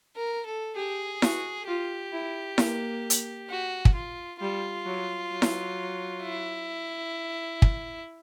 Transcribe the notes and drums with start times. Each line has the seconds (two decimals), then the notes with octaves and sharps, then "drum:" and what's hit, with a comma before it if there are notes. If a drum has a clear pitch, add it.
0.15 A#4
0.46 A4
0.76 G4 G#4
1.22 F#4, drum: snare E4
1.67 F4 G4
2.12 E4
2.58 A#3, drum: snare E4
3.10 drum: hi-hat
3.50 F#4
3.85 drum: kick
3.95 F4
4.40 G3 F4
4.85 F#3
5.31 F#3
5.42 drum: snare E4
6.22 E4
7.62 drum: kick